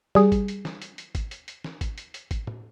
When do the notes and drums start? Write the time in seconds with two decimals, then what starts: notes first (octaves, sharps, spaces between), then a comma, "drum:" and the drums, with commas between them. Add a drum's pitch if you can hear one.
0.15 G3 G#4, drum: snare
0.32 drum: kick G#1, hi-hat
0.48 drum: hi-hat
0.65 drum: snare
0.82 drum: hi-hat
0.98 drum: hi-hat
1.15 drum: kick G#1, hi-hat
1.31 drum: hi-hat
1.48 drum: hi-hat
1.64 drum: snare
1.81 drum: kick G#1, hi-hat
1.98 drum: hi-hat
2.14 drum: hi-hat
2.31 drum: kick G#1, hi-hat
2.47 drum: tom